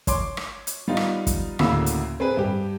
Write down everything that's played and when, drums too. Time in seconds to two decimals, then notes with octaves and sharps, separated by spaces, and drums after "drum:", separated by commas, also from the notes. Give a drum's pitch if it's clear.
0.07 C#5 C6 D6, drum: kick, hi-hat
0.37 drum: rim click
0.67 drum: hi-hat
0.88 G3 B3 D#4 F4
0.97 drum: rim click
1.27 drum: kick, hi-hat
1.59 D2 A2 C#3 A#3 E6, drum: rim click
1.86 drum: hi-hat
2.20 C4 G#4 B4
2.37 G2 G4